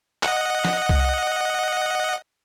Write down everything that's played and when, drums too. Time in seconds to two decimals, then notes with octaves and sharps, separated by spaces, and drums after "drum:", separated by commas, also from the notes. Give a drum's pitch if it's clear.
0.23 D#5 F#5, drum: clap
0.65 drum: snare
0.89 drum: kick C2